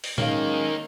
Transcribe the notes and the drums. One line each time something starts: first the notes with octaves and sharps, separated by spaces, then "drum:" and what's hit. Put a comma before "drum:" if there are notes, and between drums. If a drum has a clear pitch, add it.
drum: open hi-hat
D#3 F#3 G#3 A#3 C#4 D#4 C#5 F5, drum: tom A2